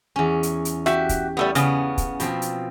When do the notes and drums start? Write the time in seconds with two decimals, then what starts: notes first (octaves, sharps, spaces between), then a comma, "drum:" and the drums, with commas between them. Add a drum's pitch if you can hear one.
0.16 E2 C#4
0.43 drum: hi-hat
0.65 drum: hi-hat
0.86 F#4 G4 E5, drum: rim click
1.09 drum: kick, hi-hat
1.37 G3 A3 B3
1.55 C#3 B3 C#4, drum: hi-hat
1.98 drum: kick, hi-hat
2.20 B2 F3 C4, drum: hi-hat
2.42 drum: hi-hat